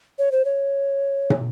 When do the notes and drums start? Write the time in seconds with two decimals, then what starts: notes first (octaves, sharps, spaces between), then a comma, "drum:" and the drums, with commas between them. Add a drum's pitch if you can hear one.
0.19 C#5
0.32 C5
0.45 C#5
1.30 drum: tom